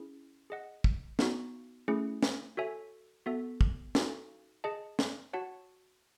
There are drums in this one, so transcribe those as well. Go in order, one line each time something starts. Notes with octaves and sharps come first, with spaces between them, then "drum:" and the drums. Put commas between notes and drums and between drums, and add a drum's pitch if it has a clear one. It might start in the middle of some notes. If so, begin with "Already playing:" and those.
Already playing: C#4 E4 G#4
G#4 D#5 F#5
drum: kick
B3 D#4 F#4, drum: snare
A3 C#4 E4 G#4
drum: snare
F#4 A4 C#5 E5 G#5
B3 F#4 A4 E5
drum: kick
D#4 F#4 A4, drum: snare
G#4 D#5 A5
drum: snare
F#4 C#5 F#5 A5